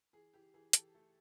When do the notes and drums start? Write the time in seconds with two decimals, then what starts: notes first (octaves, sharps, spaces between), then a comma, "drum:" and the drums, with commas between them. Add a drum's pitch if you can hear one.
0.13 E3 G#4
0.34 E3 G4
0.54 E3 G#4
0.73 E3 G4 A4, drum: hi-hat
0.95 A3